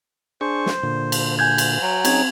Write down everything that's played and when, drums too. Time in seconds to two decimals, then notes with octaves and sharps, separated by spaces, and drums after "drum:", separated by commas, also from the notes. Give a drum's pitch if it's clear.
0.41 D4 G#4 C5 C#6
0.66 drum: snare
0.83 A#2 D3
1.12 drum: cymbal
1.39 G#5 G6 G#6
1.58 drum: cymbal
1.81 F#3
2.05 C4 C#4 D#4 G#4 G#6, drum: cymbal